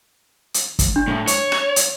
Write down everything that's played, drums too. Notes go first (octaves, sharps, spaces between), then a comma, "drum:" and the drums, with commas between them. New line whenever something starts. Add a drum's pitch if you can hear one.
drum: hi-hat
drum: kick, hi-hat
D4
A2
C#5, drum: hi-hat
drum: rim click
drum: hi-hat